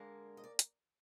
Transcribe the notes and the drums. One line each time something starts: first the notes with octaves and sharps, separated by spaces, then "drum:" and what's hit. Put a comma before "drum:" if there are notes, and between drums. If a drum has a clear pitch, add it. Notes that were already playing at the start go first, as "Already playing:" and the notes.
Already playing: D3 G#3 A#3 A#4
D#5
D5
drum: hi-hat